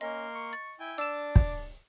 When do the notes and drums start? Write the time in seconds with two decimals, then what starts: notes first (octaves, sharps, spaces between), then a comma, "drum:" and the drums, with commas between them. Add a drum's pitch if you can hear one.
0.01 A#3 C#4 A#4 D#5 C6
0.34 C#6
0.53 A6
0.80 E4 G5 G#5
0.98 D4 D6 E6 E7
1.36 drum: kick